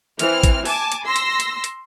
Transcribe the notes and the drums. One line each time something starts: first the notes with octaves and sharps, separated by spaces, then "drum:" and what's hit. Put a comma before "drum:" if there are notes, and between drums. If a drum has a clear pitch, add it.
E3 C4 F6, drum: hi-hat
drum: kick A1, hi-hat
G#5 A5 D6, drum: open hi-hat
drum: hi-hat
C6 E6 A#6
drum: hi-hat
drum: hi-hat
drum: hi-hat